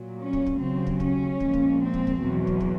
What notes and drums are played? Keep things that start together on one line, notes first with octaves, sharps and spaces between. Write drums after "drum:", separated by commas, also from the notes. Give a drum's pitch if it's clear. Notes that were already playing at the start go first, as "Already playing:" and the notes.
Already playing: A#2 F#3
C#4
drum: kick
drum: kick
D#2 C#3 F#3 C4
drum: kick
C#4, drum: kick
A#2 F3 G#3, drum: kick
drum: kick
C4
drum: kick
drum: kick
E2 B2 F#3
drum: kick
drum: kick